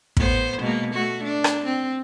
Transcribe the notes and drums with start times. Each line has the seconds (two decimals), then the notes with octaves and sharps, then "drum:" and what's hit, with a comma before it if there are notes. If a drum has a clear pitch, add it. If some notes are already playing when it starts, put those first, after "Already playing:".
0.17 A2 B3 C5, drum: kick
0.60 B2 G#3 A#3
0.93 A3 F#4
1.24 D4
1.44 drum: rim click
1.65 C4